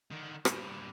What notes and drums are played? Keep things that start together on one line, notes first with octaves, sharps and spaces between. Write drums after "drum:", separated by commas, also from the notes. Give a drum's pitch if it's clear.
D3 D#3
G2 A#2, drum: rim click